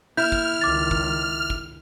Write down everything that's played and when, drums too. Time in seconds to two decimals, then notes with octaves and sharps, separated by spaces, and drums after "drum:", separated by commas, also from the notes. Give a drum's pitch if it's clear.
0.17 A#3 E4 F6 G6
0.32 drum: kick
0.61 C#2 D#3 D6 A6
0.91 drum: kick
1.50 drum: kick